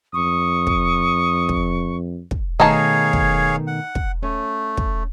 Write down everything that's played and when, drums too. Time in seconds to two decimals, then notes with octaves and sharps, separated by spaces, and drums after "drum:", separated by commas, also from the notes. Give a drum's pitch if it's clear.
0.14 F2 C#6 D#6
0.67 drum: kick
1.49 drum: kick
2.31 drum: kick
2.60 B2 D#3 A3 D#4 G#4 C#5 F5 A5
3.13 drum: kick
3.67 F#5
3.95 drum: kick
4.23 A3 C#4
4.77 drum: kick